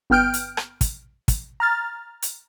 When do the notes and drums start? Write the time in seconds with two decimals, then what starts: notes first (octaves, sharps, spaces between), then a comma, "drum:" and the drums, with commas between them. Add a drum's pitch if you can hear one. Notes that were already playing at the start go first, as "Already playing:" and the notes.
0.10 G1 B3 G5 F6 G6 D7
0.34 drum: hi-hat
0.57 drum: rim click
0.81 drum: kick, hi-hat
1.28 drum: kick, hi-hat
1.60 A#5 F6 A6
2.22 drum: hi-hat